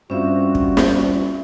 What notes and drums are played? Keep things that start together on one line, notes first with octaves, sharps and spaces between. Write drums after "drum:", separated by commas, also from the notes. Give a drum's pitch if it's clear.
G2 C4 C#4 F4 F#4 E5
drum: kick
drum: snare